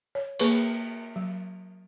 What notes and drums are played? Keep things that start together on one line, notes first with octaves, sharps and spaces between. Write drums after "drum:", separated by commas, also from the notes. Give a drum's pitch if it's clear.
C#5
A#3 G#4 B4 C#6, drum: cymbal
F#3